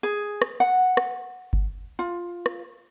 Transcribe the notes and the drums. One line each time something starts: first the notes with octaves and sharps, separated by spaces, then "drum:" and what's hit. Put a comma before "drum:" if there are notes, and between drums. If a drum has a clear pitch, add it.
G#4
drum: rim click
F#5
drum: rim click
drum: kick G1
F4
drum: rim click